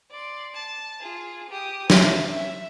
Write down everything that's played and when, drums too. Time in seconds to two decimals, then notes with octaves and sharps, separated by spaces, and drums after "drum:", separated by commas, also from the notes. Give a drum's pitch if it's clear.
0.11 D5 C6
0.54 A5
1.02 F4 G#4
1.50 G4 D#6
1.90 E5, drum: snare
2.29 E5